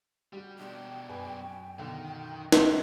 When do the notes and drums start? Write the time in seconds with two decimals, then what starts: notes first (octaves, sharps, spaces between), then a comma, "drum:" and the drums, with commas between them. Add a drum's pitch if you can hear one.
0.33 G3 F#4 G4
0.59 B2 D4 G5
1.09 F#2 B4 G#5
1.79 B1 D3 D#3
2.52 drum: snare